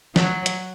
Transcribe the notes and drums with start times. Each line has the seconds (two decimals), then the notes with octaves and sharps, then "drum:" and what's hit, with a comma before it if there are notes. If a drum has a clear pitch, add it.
0.16 F#3, drum: snare
0.46 drum: hi-hat